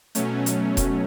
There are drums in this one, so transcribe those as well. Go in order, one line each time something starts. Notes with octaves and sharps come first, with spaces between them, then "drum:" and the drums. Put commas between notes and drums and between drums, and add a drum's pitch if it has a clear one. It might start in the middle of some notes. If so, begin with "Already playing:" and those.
B2 F#3 A3 C#4, drum: hi-hat
drum: hi-hat
drum: kick E1, hi-hat